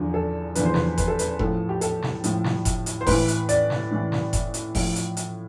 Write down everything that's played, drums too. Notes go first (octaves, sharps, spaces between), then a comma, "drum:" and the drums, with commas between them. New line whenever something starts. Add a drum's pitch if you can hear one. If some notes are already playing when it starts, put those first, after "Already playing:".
Already playing: E2 D3 F3
A4
E2 D3 F3 B4, drum: hi-hat
C5
B4, drum: snare
B4, drum: kick F1, hi-hat
A4
B4, drum: hi-hat
A2 F3 A4, drum: kick F1
G4
A4, drum: hi-hat
drum: snare
A2 F3, drum: hi-hat
drum: snare
drum: kick F1, hi-hat
drum: hi-hat
C5
A2 E3 B4, drum: kick F1, open hi-hat
drum: hi-hat
D5, drum: hi-hat
drum: snare
A2 E3
drum: snare
drum: kick F1, hi-hat
drum: hi-hat
A2 F3, drum: kick F1, open hi-hat
drum: hi-hat
drum: hi-hat